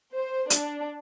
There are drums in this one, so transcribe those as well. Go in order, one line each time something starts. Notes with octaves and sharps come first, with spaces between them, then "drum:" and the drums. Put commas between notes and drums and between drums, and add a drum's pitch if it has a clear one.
C5
D4, drum: hi-hat